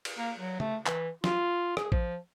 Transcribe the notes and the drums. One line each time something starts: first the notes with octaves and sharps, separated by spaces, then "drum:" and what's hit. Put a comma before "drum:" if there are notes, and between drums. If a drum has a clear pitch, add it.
drum: cymbal
A#3
F#3
A3, drum: tom C#3
E3, drum: clap
F4, drum: snare
G#4, drum: rim click
F3, drum: kick A1